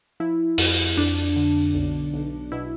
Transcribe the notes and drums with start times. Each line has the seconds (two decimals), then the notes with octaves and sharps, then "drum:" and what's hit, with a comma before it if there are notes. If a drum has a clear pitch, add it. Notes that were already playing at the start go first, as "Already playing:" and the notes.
0.20 F3 E4
0.58 F2, drum: open hi-hat
0.97 F2 D4
1.36 D3
1.74 B1
2.14 B1
2.52 B2 E4